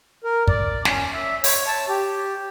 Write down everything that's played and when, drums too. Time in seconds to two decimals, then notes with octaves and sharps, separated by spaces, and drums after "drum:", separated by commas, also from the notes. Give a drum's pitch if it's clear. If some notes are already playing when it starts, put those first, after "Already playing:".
0.24 A#4
0.48 D5, drum: kick
0.85 C#4, drum: snare
1.13 E5
1.44 C#5, drum: open hi-hat
1.67 A5
1.89 G4